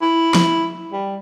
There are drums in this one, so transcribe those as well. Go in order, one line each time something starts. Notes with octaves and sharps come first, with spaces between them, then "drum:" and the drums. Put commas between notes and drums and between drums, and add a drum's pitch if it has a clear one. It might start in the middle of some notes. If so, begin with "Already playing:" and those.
E4
drum: snare
G3